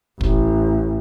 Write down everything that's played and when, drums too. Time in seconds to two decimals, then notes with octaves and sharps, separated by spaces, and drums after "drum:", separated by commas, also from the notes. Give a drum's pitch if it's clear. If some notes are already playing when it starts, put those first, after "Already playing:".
0.21 A1, drum: kick